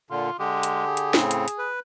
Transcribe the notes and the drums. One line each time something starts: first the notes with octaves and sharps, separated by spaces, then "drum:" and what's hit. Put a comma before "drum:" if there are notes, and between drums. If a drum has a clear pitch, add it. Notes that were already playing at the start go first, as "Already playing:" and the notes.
A#2 D3 F4
D3 G#3 G4
drum: hi-hat
G#4
drum: hi-hat
A2 C#3 C4, drum: snare
drum: hi-hat
drum: hi-hat
B4